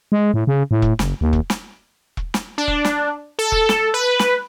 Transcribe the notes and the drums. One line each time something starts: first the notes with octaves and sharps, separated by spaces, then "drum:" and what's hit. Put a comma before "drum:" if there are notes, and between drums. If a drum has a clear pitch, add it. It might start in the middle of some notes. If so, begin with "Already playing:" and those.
G#3
A2
C#3
A2
drum: kick E1
F#1, drum: snare
D#2
drum: kick E1
drum: snare
drum: kick E1
drum: snare
D4
drum: kick E1
drum: snare
A4
drum: kick E1
drum: snare
B4
drum: snare